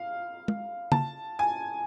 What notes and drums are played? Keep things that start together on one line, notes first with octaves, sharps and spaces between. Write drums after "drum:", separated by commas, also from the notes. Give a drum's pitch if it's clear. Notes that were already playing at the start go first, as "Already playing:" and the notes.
Already playing: F5
drum: tom
A5, drum: tom C#3
G#5